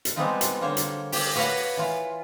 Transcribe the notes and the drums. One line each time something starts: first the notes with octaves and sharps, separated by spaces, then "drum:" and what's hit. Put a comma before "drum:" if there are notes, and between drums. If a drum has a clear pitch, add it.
drum: hi-hat
G3 G#3 B3 C4 D#4 F4
drum: hi-hat
D3 A#3 C5 C#5
drum: hi-hat
G4, drum: open hi-hat
F#4 B4 C#5 F5 F#5
E3 F4